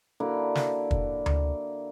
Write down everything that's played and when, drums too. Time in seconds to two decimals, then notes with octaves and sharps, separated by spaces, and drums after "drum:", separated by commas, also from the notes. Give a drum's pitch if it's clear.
0.20 D3 A#3 E4 F#4
0.55 drum: snare
0.91 drum: kick
1.26 drum: tom D2